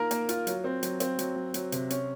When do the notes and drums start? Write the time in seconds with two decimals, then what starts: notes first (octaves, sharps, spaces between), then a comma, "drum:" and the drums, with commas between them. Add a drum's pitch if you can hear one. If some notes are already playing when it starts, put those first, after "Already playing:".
Already playing: D#3 A#3 F4 A#4
0.11 A#3, drum: hi-hat
0.29 F4, drum: hi-hat
0.47 F#3, drum: hi-hat
0.64 C4
0.83 F#3, drum: hi-hat
1.00 C4, drum: hi-hat
1.19 F#3, drum: hi-hat
1.36 F#3
1.54 F#3, drum: hi-hat
1.72 C3, drum: hi-hat
1.90 C#4, drum: hi-hat